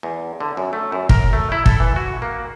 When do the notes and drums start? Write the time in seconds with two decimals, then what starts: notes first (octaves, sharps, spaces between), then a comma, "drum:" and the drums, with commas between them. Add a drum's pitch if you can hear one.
0.03 E2
0.41 D3
0.57 F#2
0.73 A3
0.92 F#2
1.09 A#4, drum: kick
1.33 A3
1.52 E4
1.66 A4, drum: kick
1.80 E3
1.96 F#4
2.22 A#3